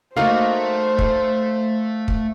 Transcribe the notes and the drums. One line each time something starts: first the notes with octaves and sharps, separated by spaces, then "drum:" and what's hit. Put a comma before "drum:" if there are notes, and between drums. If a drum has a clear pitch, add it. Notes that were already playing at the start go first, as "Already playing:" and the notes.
A3 A#3 D#4 F#4 C5 F5
drum: kick
drum: kick